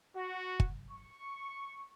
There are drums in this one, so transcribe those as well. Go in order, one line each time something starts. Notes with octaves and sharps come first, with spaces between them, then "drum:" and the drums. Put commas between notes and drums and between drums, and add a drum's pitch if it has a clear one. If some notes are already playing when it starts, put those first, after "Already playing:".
F#4
drum: kick
C#6